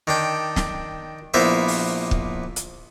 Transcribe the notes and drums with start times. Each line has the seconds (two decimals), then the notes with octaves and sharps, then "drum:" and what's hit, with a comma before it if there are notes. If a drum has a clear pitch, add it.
0.07 D#3 D4 G5
0.56 drum: snare
1.34 A#1 A#3 B3 E4 B4 C5
1.68 drum: open hi-hat
2.11 drum: kick
2.56 drum: hi-hat